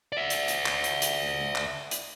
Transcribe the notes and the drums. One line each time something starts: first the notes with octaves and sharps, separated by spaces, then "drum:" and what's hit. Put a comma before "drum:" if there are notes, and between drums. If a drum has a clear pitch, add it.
D5 E5
drum: hi-hat
drum: hi-hat
drum: clap
drum: hi-hat
drum: hi-hat
drum: clap
drum: hi-hat